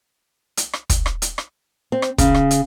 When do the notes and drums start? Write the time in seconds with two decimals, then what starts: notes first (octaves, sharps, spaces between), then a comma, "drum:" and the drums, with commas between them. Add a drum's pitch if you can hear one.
0.57 drum: hi-hat
0.73 drum: rim click
0.90 drum: kick, hi-hat
1.06 drum: rim click
1.22 drum: hi-hat
1.38 drum: rim click
1.92 C4
2.02 drum: rim click
2.18 C#3, drum: kick, hi-hat
2.34 drum: rim click
2.51 drum: hi-hat